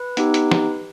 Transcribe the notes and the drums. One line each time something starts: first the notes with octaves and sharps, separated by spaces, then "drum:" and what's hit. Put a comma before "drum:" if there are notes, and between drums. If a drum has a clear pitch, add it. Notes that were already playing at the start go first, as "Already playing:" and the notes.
Already playing: B4
B3 D#4 G4, drum: hi-hat
drum: hi-hat
drum: snare